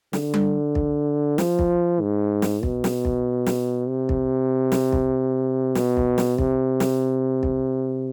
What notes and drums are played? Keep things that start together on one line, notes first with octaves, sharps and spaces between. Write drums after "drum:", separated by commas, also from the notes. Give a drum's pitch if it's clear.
D3, drum: snare
drum: tom G3
drum: kick
F3, drum: snare
drum: kick
G#2
drum: snare
B2, drum: kick
drum: snare
drum: kick
drum: snare
C3
drum: kick
drum: snare
drum: kick
B2, drum: snare
drum: kick
drum: snare
C3, drum: kick
drum: snare
drum: kick